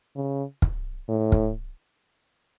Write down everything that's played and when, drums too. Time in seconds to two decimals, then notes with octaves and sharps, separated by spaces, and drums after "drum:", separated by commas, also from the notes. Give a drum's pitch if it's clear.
0.15 C#3
0.62 drum: kick
1.08 A2
1.32 drum: kick